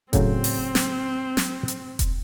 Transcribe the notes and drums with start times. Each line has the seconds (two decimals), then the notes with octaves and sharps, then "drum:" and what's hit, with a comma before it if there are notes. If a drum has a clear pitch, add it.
0.13 A2 C#3 F#3 C4, drum: kick E1, hi-hat
0.44 drum: open hi-hat
0.75 drum: snare
1.37 drum: snare
1.68 drum: hi-hat
1.99 drum: kick E1, hi-hat